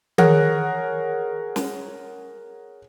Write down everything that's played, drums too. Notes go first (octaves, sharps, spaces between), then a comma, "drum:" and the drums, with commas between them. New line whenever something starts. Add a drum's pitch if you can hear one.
G#4 A#4 C#5 F#5, drum: tom D#3
drum: snare